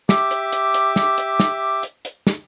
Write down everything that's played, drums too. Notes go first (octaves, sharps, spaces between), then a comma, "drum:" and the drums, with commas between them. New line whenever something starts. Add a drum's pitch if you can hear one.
G4 E5 D6, drum: snare
drum: hi-hat
drum: hi-hat
drum: hi-hat
drum: snare
drum: hi-hat
drum: snare
drum: hi-hat
drum: hi-hat
drum: snare